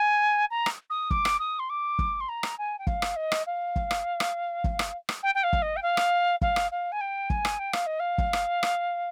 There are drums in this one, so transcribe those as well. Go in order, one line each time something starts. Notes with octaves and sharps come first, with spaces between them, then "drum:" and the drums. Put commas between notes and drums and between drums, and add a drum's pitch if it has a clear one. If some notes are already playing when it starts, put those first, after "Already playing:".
Already playing: G#5
A#5
drum: rim click
D#6
D6, drum: kick
drum: rim click
D#6
C6
D6
drum: kick
C6
A#5
drum: rim click
G#5
G5
F5, drum: kick
drum: rim click
D#5
drum: rim click
F5
drum: kick
drum: rim click
drum: rim click
drum: kick
drum: rim click
drum: rim click
G5
G5
F5
drum: kick
D#5
G5
F5
drum: rim click
F5, drum: kick
drum: rim click
F5
G#5
G5
G#5, drum: kick
drum: rim click
G5
F5, drum: rim click
D#5
F5
drum: kick
drum: rim click
drum: rim click